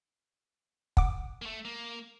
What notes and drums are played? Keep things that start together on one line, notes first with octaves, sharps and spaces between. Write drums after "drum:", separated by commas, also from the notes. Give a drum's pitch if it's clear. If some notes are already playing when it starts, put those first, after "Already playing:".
F#5 D6, drum: kick
A3 A#3
A#3